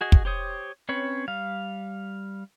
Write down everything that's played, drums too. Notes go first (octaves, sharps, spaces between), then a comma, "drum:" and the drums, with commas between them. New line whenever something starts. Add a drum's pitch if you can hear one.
F#4 G#4 D#5
drum: kick
G4 C5 C#5 D#6
C4 C#4 B4 C#5
G3 F5